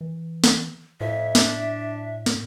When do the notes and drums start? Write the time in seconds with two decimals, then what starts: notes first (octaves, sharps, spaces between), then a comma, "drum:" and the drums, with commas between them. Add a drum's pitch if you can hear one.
0.01 E3
0.44 drum: snare
1.01 F2 A2 E5
1.35 D4, drum: snare
2.26 drum: snare